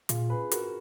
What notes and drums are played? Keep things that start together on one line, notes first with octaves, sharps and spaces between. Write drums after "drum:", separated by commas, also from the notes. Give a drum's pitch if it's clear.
A#2 F4 G#4, drum: hi-hat
G#4 B4
F#4 A#4, drum: hi-hat